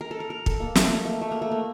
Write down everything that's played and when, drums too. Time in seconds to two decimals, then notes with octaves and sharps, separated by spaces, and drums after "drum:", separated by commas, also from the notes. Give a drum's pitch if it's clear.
0.01 A#4
0.11 A4
0.20 A#4
0.30 A#4
0.46 A4, drum: kick
0.60 A#3
0.75 A3, drum: snare
0.91 A#3
1.05 A3
1.21 A3
1.31 A#3
1.42 A3
1.51 A#3